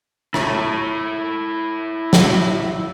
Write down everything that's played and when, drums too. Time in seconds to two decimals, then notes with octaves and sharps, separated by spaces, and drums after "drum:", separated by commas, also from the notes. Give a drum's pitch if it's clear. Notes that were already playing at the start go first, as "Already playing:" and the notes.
0.34 E4 C#5, drum: rim click
2.13 drum: snare